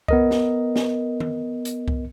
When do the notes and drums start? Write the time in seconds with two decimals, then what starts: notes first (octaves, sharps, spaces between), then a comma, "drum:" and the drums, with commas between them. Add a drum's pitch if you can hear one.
0.08 B3 A#4 D#5, drum: kick C2
0.31 drum: snare
0.76 drum: snare
1.20 drum: tom D#3
1.65 drum: hi-hat
1.88 drum: kick C2